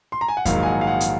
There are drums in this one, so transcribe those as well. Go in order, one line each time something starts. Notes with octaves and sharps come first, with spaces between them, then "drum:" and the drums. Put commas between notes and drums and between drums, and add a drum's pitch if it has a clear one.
C6
A#5
G#5
F#5
A#1 G#2 D#3 F#3 F5, drum: kick E2, hi-hat
G#5
F#5
F5
F#5
drum: hi-hat